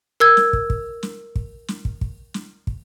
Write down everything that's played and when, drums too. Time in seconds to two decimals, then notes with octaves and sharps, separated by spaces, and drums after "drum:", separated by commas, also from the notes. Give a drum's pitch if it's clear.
0.20 A#4 E6 G#6
0.37 drum: snare
0.53 drum: kick
0.70 drum: kick
1.03 drum: snare
1.36 drum: kick
1.68 drum: snare
1.85 drum: kick
2.01 drum: kick
2.34 drum: snare
2.67 drum: kick